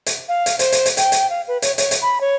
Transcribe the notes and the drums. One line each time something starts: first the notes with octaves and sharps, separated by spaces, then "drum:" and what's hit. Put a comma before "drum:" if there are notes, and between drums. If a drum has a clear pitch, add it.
drum: hi-hat
F5
drum: hi-hat
C5, drum: hi-hat
drum: hi-hat
drum: hi-hat
G5, drum: hi-hat
drum: hi-hat
F5
B4
C#5, drum: hi-hat
C#5, drum: hi-hat
drum: hi-hat
B5
C#5